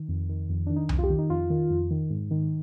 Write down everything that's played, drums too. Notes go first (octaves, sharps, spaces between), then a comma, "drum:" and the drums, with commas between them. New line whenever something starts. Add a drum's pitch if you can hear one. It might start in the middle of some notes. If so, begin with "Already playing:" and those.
Already playing: D#3
F2
D#3
F2
D#3 D4
D#4
F2, drum: tom C2
F4
G4
D#3
D#4
F2 F4
D#3
F2
D#3
G#2
D#3